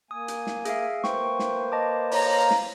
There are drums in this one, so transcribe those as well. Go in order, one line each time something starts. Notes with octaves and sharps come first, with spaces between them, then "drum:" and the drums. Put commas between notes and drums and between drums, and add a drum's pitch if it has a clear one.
A#3 G#5 D#6
drum: hi-hat
drum: snare
G#4 E5 F5, drum: hi-hat
A#3 B4 C5 E5 G5 C#6, drum: snare
drum: snare
D#5 A5 D6
C#5 F5 A#5, drum: open hi-hat
drum: snare